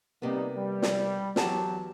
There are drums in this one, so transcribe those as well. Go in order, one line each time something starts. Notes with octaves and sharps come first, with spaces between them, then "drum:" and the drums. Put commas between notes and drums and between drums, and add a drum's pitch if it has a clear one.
C3 G3 A#3 B3 D#4
G3
drum: snare
E2 F#3 G4 A5, drum: snare